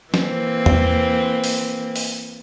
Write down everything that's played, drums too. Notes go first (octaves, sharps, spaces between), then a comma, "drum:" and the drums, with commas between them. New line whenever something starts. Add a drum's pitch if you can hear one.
E3 A#3 C4, drum: snare
drum: tom E2
drum: open hi-hat
drum: open hi-hat